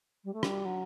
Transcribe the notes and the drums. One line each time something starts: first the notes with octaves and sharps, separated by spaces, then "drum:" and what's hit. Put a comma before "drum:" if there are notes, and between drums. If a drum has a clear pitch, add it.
G3
A3
G3, drum: rim click
F#3